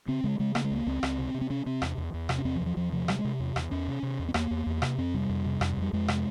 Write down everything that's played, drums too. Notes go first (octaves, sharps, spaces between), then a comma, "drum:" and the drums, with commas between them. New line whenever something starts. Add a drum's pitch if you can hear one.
C#3 C4
C#3 G#3
C#3 G#3
C#3 A#3, drum: rim click
G#3
C#2 A#3
C#2 C4
C#2, drum: rim click
C3
C3
C4
C3 C#4
C3 C4
E2, drum: rim click
E2
E2
C3, drum: rim click
C#4
E2 C4
F3
E2
F3
E2 F3
C3 F3
C3 G3, drum: rim click
G#3
C3
E2
E2, drum: rim click
E2 C#4
C3
C3
E2
C4
E2 A#3, drum: rim click
E2
E2
C3, drum: rim click
F2 C4
C3 G3
F2
C3
F2, drum: rim click
F2 G3
F2 G#3
C3, drum: rim click